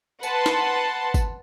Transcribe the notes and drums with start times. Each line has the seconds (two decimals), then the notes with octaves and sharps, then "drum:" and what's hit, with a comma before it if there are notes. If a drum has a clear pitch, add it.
0.23 B4 F#5 A5 C6, drum: tambourine
0.46 drum: snare
1.14 drum: kick G1, tambourine